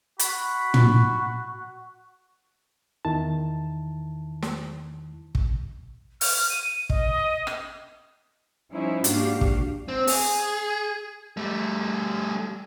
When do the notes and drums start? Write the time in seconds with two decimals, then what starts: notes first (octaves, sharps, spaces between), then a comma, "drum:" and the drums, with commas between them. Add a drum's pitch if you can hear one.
0.19 F#4 B5, drum: hi-hat
0.74 drum: tom
3.05 E2 D#3 E4 A5
4.42 drum: snare
5.35 drum: kick
6.21 F6, drum: open hi-hat
6.49 D#7
6.90 D#5, drum: kick
7.47 drum: rim click
8.72 F3 G3 C#4 D#4 E4 C5
9.04 G#2 A#3 D4 F#4 G4 F5, drum: hi-hat
9.41 drum: kick
9.88 C4
10.07 G#4, drum: open hi-hat
11.37 G3 A3